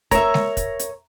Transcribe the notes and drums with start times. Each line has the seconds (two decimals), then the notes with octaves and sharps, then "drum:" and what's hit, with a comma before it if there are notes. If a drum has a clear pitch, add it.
0.11 A#4 C#5 E5 A#5, drum: kick, hi-hat
0.34 drum: snare G#3
0.57 drum: kick, hi-hat
0.79 drum: hi-hat